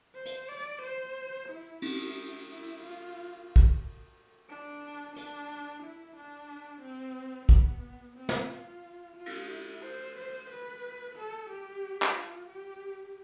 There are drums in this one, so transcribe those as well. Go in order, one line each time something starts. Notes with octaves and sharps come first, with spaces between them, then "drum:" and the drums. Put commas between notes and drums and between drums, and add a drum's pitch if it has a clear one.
C5
drum: hi-hat
D5
C5
E4
E4, drum: cymbal
E4
F4
drum: kick
D4
D4, drum: hi-hat
E4
D4
C4
B3, drum: kick
C4
drum: snare
F4
F4
drum: cymbal
E4
C5
C5
B4
A4
G4
drum: clap
F4
G4